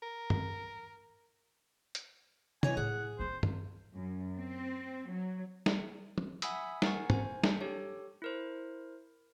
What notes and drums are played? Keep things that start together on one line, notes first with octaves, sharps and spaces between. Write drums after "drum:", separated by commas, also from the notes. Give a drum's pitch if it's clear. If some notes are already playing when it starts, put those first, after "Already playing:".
A#4
drum: tom G2
drum: hi-hat
E3 C#5 D#5 G#5, drum: tom
A2 G#4 F#5
D#3 C4 C5
drum: tom G2
F#2
C4
F#3
drum: snare
drum: tom
E5 F#5 G#5 B5 D#6 E6, drum: hi-hat
D#4 A#4 F#5 G#5 C#6, drum: snare
C5 G#5, drum: tom
D4, drum: snare
G4 A4 C#5
E4 A#4 C5